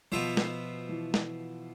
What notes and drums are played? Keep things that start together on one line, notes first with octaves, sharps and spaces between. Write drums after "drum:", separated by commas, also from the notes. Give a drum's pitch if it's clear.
B2 F3 B3 F4 C5 E5
drum: snare
E3
drum: snare